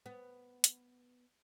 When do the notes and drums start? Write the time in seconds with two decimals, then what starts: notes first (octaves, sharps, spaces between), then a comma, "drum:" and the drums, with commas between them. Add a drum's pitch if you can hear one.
0.06 B3
0.64 drum: hi-hat